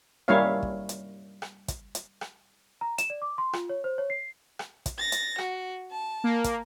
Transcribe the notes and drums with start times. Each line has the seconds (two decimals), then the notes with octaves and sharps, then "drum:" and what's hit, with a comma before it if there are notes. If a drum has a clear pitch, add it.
0.28 G3 A#3 C#4 E4 C#5 F5
0.63 drum: kick
0.89 drum: hi-hat
1.42 drum: rim click
1.68 drum: kick, hi-hat
1.95 drum: hi-hat
2.21 drum: rim click
2.81 A#5
2.98 E7, drum: hi-hat
3.10 D5
3.22 D6
3.38 C6
3.53 F4, drum: rim click
3.69 C#5
3.84 C5
3.98 C#5
4.10 C7
4.59 drum: rim click
4.86 drum: kick, hi-hat
4.98 A6 A#6
5.12 drum: hi-hat
5.38 F#4, drum: rim click
5.91 A5
6.24 A#3
6.44 drum: kick, hi-hat